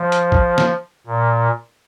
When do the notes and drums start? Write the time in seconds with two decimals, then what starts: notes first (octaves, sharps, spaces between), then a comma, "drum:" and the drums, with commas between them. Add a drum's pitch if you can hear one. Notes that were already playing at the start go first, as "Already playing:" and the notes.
Already playing: F3
0.12 drum: hi-hat
0.32 drum: kick A1
0.58 drum: snare
1.07 A#2